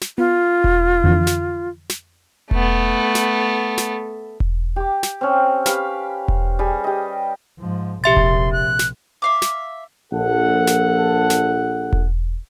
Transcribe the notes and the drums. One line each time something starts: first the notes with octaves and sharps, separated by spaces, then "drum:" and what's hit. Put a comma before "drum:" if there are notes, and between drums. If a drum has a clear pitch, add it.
drum: snare
B3 F4
drum: kick E1
F2 D3 E3
drum: snare
drum: snare
A3 B3, drum: kick E1
drum: snare
drum: snare
drum: kick E1
G4 D6
drum: snare
C4 C#4
G4 B4 F5 B5, drum: snare
drum: kick E1
G3 G#4
G4 D#5
G#2 F3
A#1 C3 G4 E5 C6 A6
drum: kick E1
F#6
drum: snare
E5 F5 D6
drum: snare
A#1 A4 F#5
drum: snare
drum: snare
drum: kick E1